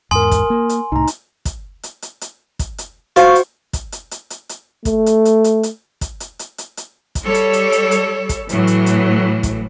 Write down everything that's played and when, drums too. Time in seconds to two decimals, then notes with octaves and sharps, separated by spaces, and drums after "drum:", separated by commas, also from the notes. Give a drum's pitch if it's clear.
0.11 E2 G#2 A#4 G#5 C6 D#6
0.31 drum: kick, hi-hat
0.50 A#3
0.69 drum: hi-hat
0.92 C2 A2 D#4 A#5
1.07 drum: hi-hat
1.45 drum: kick, hi-hat
1.83 drum: hi-hat
2.02 drum: hi-hat
2.21 drum: hi-hat
2.59 drum: kick, hi-hat
2.78 drum: hi-hat
3.16 F4 F#4 C5 C#6, drum: hi-hat
3.35 drum: hi-hat
3.73 drum: kick, hi-hat
3.92 drum: hi-hat
4.11 drum: hi-hat
4.30 drum: hi-hat
4.49 drum: hi-hat
4.85 A3, drum: kick, hi-hat
5.06 drum: hi-hat
5.25 drum: hi-hat
5.44 drum: hi-hat
5.63 drum: hi-hat
6.01 drum: kick, hi-hat
6.20 drum: hi-hat
6.39 drum: hi-hat
6.58 drum: hi-hat
6.77 drum: hi-hat
7.15 drum: kick, hi-hat
7.25 G3 A4 C#5
7.34 drum: hi-hat
7.53 drum: hi-hat
7.72 drum: hi-hat
7.91 drum: hi-hat
8.29 drum: kick, hi-hat
8.49 A2 E3 F#3, drum: hi-hat
8.67 drum: hi-hat
8.86 drum: hi-hat
9.43 drum: kick, hi-hat